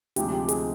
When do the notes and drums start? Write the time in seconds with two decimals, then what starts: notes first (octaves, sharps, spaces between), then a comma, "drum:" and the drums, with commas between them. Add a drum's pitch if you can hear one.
0.16 D2 C3 F3 G#3 D#4 G4, drum: hi-hat
0.32 G4
0.49 G#4, drum: hi-hat